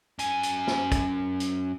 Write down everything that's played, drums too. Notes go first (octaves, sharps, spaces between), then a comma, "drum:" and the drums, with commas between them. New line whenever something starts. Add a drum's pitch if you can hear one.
F#2 G#5, drum: hi-hat
drum: hi-hat
drum: snare
drum: kick, hi-hat
drum: hi-hat